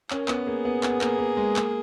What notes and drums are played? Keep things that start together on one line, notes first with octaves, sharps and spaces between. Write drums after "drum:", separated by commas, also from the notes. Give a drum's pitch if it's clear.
C#4 A#4, drum: clap
B3, drum: clap
A#3 G#4
B3
B3, drum: clap
A#3, drum: clap
A#3
G#3
A#3, drum: clap